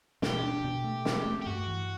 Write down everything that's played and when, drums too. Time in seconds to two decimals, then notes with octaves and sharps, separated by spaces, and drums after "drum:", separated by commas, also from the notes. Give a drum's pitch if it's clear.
0.22 B2 G4, drum: snare
0.43 D4
0.64 B2
0.84 A3
1.05 C4, drum: snare
1.25 A3
1.42 G4
1.46 G2 F#4
1.67 E3